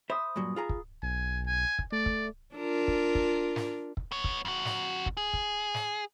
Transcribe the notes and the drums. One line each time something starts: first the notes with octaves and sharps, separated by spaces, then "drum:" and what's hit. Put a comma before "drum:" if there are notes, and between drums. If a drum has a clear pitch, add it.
C5 E5 B5 D#6
G2 A#2 F#3
F4 G#4 A#5
drum: kick
B1 G#5
G#5
drum: kick
A3 D5
drum: kick
D4 F4 A#4
drum: kick
drum: kick
drum: snare
drum: kick
B3 C#5
drum: kick
F2 F#4
drum: snare
drum: kick
G#4
drum: kick
drum: snare